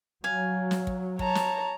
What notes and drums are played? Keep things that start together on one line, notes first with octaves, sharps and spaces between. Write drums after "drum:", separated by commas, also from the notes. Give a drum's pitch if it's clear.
F#3 F5 G#5
drum: snare
drum: kick
C#5 A5 A#5, drum: kick
drum: snare